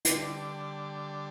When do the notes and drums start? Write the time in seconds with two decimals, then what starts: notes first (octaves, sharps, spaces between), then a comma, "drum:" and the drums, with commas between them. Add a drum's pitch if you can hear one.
0.05 D3 G3 D4, drum: hi-hat